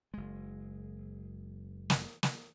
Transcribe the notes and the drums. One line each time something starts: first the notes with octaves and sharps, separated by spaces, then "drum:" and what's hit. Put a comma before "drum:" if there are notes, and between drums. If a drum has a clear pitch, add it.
F#1 G#3
drum: snare
drum: snare